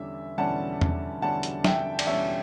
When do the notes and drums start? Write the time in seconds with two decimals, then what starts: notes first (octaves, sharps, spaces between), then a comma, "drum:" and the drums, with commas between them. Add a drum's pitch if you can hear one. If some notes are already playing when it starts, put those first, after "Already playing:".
Already playing: E2 D3 G3 C#4 E5
0.38 E2 D3 G3 C#4 F#5 A5
0.81 drum: tom E2
1.22 E2 D3 G3 C#4 F#5 A5
1.43 drum: hi-hat
1.64 E5 G5, drum: snare
1.99 D5, drum: cymbal
2.07 E2 D3 G3 C#4 C#5 E5